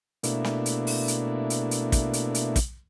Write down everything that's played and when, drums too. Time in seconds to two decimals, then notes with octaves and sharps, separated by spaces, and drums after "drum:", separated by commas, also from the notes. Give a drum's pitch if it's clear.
0.23 B2 A3 A#3 D4 E4, drum: hi-hat
0.45 drum: snare
0.66 drum: hi-hat
0.87 drum: open hi-hat
1.08 drum: hi-hat
1.50 drum: hi-hat
1.71 drum: hi-hat
1.92 drum: kick, hi-hat
2.13 drum: hi-hat
2.35 drum: hi-hat
2.56 drum: kick, hi-hat